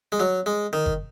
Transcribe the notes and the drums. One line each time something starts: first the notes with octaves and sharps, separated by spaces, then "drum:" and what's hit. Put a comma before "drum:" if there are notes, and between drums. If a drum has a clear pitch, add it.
G#3
F#3
G#3
D#3
drum: kick